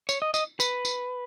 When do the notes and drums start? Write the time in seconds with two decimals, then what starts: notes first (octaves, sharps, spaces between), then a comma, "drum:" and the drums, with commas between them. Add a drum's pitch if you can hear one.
0.09 C#5, drum: tambourine
0.22 D#5
0.34 D#5, drum: tambourine
0.60 B4, drum: tambourine
0.85 drum: tambourine